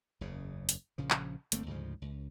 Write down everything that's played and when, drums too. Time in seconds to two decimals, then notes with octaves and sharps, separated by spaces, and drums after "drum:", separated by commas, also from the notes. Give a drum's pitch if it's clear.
0.21 F#1 E2 C#3
0.69 drum: hi-hat
0.98 A#1 C#3 F3
1.10 drum: clap
1.52 G1 A3 A#3 C4, drum: hi-hat
1.66 D2 G#2 C#3 F3
2.02 C#2